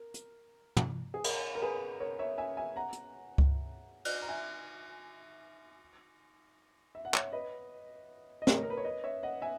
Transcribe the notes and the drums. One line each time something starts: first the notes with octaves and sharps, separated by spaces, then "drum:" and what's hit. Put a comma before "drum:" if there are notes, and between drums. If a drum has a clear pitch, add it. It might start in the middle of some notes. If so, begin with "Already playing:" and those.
Already playing: A#4
drum: hi-hat
drum: tom
G#4
A#4, drum: cymbal
A#4
G#4 B4
A#4 C#5
C#5 E5
E5 G#5
E5 G#5
F#5 A#5
drum: hi-hat
drum: kick C#2
drum: cymbal
A#5
E5 G#5
E5
F#5
C#5 E5, drum: clap
B4 D#5
D#5
A#4 C#5, drum: snare
A#4
B4
C#5
B4 D#5
C#5 E5
D#5 F#5
E5 G#5